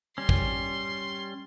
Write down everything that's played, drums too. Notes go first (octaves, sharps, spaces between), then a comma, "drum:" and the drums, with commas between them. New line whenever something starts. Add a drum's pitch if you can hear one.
G3 C#4 C6
drum: kick